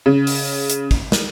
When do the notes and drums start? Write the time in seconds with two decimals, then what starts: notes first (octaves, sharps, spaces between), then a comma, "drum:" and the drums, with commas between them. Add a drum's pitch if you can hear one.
0.06 C#3
0.27 drum: open hi-hat
0.70 drum: hi-hat
0.91 drum: kick
1.12 drum: snare